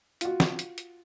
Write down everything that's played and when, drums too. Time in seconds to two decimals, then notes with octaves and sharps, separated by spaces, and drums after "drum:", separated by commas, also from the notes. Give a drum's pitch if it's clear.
0.21 F4 F#4, drum: hi-hat
0.40 drum: snare
0.59 drum: hi-hat
0.78 drum: hi-hat